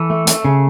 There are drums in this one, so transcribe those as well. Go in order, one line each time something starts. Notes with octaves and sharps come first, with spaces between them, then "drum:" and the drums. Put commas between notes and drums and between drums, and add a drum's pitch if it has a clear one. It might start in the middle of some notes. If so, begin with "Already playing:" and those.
Already playing: E3 A4
A3
A3, drum: hi-hat
C#3